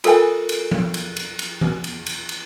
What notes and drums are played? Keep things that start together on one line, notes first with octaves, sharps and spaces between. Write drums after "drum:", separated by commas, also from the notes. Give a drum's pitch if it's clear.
F4 A4 A#4 E5 G#5, drum: cymbal
drum: cymbal
drum: tom F3
drum: cymbal
drum: cymbal
drum: cymbal
drum: tom E3
drum: cymbal
drum: cymbal
drum: cymbal